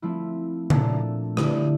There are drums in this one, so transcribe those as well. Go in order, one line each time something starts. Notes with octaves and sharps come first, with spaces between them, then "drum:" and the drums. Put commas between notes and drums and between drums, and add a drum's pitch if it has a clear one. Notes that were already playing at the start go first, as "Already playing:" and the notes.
F3 A3 C4 E4
A#2 A3 D4 A4, drum: tom C#3
D3 A3 E4 G4, drum: rim click